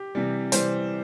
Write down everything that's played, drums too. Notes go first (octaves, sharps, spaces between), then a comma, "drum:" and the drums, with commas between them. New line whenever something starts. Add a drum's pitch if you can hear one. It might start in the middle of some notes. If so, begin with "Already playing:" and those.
Already playing: G4
C3 E3 G3
C3 E3 G3 C5, drum: hi-hat